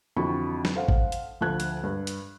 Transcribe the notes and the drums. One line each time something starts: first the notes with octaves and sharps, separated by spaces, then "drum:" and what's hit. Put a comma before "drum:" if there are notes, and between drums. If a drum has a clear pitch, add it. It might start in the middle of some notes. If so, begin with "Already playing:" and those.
F2 D3 E3 F#4 B5 C#6
drum: snare
A4 C5 F5 F#5
drum: kick A1
drum: hi-hat
D2 F3 A5 F#6 G#6
drum: hi-hat
G2
drum: hi-hat